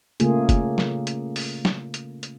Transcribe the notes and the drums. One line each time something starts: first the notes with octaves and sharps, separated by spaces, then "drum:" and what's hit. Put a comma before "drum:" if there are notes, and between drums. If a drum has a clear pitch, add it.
C#3 A3 A#3 F4 G#4, drum: hi-hat
drum: kick F#1, hi-hat
drum: snare
drum: hi-hat
drum: open hi-hat
drum: snare
drum: hi-hat
drum: hi-hat